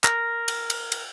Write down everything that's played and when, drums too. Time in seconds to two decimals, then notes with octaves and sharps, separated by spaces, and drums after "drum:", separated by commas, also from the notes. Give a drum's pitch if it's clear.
0.04 A#4, drum: clap
0.48 drum: cymbal
0.70 drum: cymbal
0.92 drum: cymbal